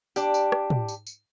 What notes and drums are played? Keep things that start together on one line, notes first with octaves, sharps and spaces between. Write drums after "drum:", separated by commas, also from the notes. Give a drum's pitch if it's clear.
D4 G4, drum: tambourine
drum: tambourine
drum: rim click
drum: tom
drum: tambourine
drum: tambourine